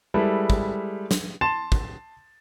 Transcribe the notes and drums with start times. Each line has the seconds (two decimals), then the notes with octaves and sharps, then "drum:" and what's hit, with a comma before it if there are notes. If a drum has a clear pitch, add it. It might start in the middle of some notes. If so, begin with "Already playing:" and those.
0.14 G3 G#3 E4 A4 B4
0.50 drum: kick
1.11 drum: snare
1.41 A5 C6 A6 E7
1.72 drum: kick